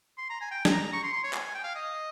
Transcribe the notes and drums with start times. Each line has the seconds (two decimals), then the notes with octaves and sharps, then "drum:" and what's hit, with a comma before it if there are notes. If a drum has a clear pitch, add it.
0.18 C6
0.30 A#5
0.41 G#5
0.51 G5
0.65 G#5, drum: snare
0.72 A#5
0.93 C#6
1.03 C6
1.13 C6
1.24 C#5
1.33 G#5, drum: clap
1.44 G#5
1.55 G5
1.64 F5
1.75 D#5